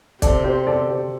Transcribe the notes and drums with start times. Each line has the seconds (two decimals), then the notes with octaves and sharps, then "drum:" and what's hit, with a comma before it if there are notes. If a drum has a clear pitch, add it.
0.22 C3 C4 A4 D5, drum: kick, hi-hat
0.44 G4 C5
0.67 A4 D5
0.89 G4 C5